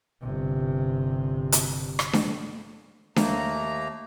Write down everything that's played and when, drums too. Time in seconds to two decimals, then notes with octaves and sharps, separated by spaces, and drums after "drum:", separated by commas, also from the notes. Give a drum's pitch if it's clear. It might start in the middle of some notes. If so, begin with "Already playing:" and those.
0.21 G1 C3
1.52 drum: hi-hat
1.99 drum: rim click
2.13 drum: snare D4
3.16 D#2 A3 A#3 A#5, drum: snare D4